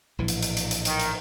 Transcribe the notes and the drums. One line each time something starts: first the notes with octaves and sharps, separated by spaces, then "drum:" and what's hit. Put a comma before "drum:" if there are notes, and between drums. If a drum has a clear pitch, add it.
A#1 A2 E3
drum: hi-hat
drum: hi-hat
drum: hi-hat
drum: hi-hat
D#3, drum: hi-hat
drum: hi-hat